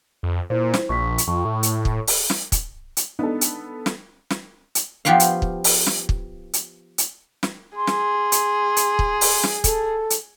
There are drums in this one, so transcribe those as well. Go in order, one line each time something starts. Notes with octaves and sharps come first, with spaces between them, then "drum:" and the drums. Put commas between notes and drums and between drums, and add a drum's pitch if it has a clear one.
F2
A#2 E4 C5
drum: snare
A#1 C#6 B6
drum: hi-hat
F2 C#6
A2
drum: hi-hat
drum: kick
drum: open hi-hat
drum: snare
drum: kick, hi-hat
drum: hi-hat
B3 D4 D#4 A4
drum: hi-hat
drum: snare
drum: snare
drum: hi-hat
F3 B3 G4 B4 F5
drum: hi-hat
drum: kick
drum: open hi-hat
drum: snare
drum: kick
drum: hi-hat
drum: hi-hat
drum: snare
G#4 C6
drum: snare
drum: hi-hat
drum: hi-hat
drum: kick
drum: open hi-hat
drum: snare
A4, drum: kick, hi-hat
drum: hi-hat